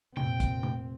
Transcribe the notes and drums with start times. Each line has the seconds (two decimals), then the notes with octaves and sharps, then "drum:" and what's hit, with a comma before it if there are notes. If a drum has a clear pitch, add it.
0.17 F1 A#2 C4 G5, drum: tom
0.40 drum: kick, hi-hat
0.63 drum: tom